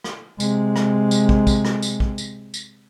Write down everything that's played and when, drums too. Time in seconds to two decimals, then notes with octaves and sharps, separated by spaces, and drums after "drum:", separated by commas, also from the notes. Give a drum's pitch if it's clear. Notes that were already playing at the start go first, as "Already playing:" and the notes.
0.04 drum: rim click
0.40 C3 G#3, drum: tambourine
0.76 drum: rim click
1.11 drum: tambourine
1.29 drum: kick
1.47 drum: kick, tambourine
1.65 drum: rim click
1.82 drum: tambourine
2.00 drum: kick
2.18 drum: tambourine
2.54 drum: tambourine